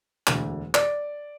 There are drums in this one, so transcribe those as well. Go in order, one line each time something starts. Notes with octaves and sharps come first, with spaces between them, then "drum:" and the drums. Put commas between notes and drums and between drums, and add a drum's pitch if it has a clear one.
E1 D2 D3, drum: clap
D5, drum: clap